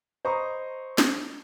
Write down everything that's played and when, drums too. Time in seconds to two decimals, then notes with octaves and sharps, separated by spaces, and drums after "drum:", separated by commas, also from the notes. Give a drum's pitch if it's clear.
0.25 C5 D#5 A#5 B5 C#6 D#6
0.98 drum: snare